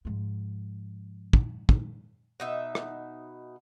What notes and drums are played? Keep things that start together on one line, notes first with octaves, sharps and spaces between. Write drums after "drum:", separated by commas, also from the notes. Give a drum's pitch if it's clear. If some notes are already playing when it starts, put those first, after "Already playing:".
G#2 F3
drum: kick
drum: kick
B2 D#4 E5
drum: rim click